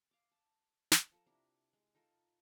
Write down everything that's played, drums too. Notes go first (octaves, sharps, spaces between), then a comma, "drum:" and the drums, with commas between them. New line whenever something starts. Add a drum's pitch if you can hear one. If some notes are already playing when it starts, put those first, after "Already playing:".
F5 D6
A5
drum: snare
F3 A4 A#4
C3 D4 E4 A#5
G#3
D#4 F4 A4 A#4